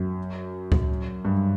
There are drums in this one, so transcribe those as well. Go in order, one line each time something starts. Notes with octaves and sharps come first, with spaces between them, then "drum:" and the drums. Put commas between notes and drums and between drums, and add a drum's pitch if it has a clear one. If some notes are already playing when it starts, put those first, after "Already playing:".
Already playing: F#2
drum: kick C#2
G2